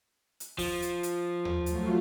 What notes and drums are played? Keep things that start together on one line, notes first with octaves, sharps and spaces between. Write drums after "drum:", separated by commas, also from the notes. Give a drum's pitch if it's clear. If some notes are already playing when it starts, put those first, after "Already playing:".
drum: hi-hat
F3, drum: kick D#2, open hi-hat
drum: hi-hat
drum: hi-hat
drum: tom D#2
F#3 A3 F4, drum: hi-hat